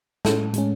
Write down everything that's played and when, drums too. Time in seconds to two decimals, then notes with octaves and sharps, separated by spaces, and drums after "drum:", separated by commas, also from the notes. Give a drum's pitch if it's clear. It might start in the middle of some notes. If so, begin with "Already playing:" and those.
0.25 A2 G#3 C#4 A4, drum: snare
0.54 A2 G#3 C#4, drum: hi-hat